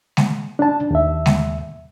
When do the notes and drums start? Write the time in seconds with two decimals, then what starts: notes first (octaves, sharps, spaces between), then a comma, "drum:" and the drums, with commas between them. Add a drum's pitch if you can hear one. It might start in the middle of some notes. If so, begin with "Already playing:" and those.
0.17 drum: snare G#3
0.59 D4 A5
0.91 D#2 E5
1.26 drum: snare G#3